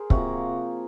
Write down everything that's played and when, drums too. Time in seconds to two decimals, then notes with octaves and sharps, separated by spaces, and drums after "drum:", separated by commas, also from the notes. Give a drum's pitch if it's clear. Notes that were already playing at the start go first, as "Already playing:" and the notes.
Already playing: G#4 A#4 C5
0.10 C3 F3 A#3 F#4, drum: kick